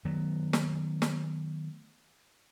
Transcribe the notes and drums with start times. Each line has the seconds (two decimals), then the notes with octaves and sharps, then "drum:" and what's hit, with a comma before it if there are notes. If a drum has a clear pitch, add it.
0.05 D#3 F#3 A3 B3
0.53 drum: snare
1.02 drum: snare